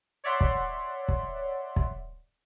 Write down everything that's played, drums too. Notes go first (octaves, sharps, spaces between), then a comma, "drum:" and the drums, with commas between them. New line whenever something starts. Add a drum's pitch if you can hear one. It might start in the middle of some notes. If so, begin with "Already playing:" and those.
C#5 D5 E5 F#5 C6
drum: kick
drum: kick
drum: kick